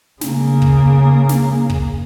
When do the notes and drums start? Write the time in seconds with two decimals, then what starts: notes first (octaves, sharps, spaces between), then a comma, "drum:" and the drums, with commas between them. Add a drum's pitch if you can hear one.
0.21 C#3 A#3, drum: snare
0.62 drum: kick
1.29 drum: snare
1.70 drum: kick